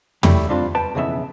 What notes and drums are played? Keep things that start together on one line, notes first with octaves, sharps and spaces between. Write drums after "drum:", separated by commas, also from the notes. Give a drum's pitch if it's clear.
F#3 G3 A3 E4 G4, drum: tom
G3 C4 D4 F4
B4 G5 A5
B1 F2 C#3 E3 B3 E5